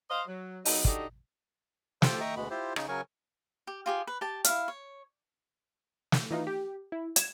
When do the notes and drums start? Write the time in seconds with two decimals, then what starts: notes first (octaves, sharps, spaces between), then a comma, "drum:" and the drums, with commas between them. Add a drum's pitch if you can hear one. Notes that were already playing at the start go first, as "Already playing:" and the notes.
0.10 C5 D#5 F5
0.28 F#3
0.65 F#3 B3 D#4, drum: open hi-hat
0.85 D4 D#4 F#4 G4 A4 D#5, drum: kick
2.02 F4 G4 A4 C5 G5, drum: snare
2.20 D#5 E5 G5 A#5 C#6 D#6
2.37 D2 B2 G#3 B3 B5
2.50 E4 F4 G4 C5
2.76 C#3 D#4, drum: rim click
2.88 C#3 F#3 A#4 G#5 C#6
3.67 G4
3.86 F4 G4 G#4
4.07 B4
4.21 G4 A5
4.44 E4 F5, drum: hi-hat
4.68 C#5
6.12 drum: snare
6.31 E3 D#4 F4
6.47 G4
6.92 E4
7.16 G#6 E7, drum: hi-hat